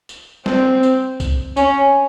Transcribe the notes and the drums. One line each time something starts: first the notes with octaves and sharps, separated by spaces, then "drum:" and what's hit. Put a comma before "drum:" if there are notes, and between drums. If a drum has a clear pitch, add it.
drum: tambourine
C4, drum: snare
drum: tambourine
drum: kick, tambourine
C#4, drum: tambourine